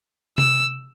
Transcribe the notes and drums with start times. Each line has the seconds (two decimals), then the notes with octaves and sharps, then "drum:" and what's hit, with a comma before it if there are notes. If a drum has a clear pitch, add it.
0.38 E6, drum: tom C3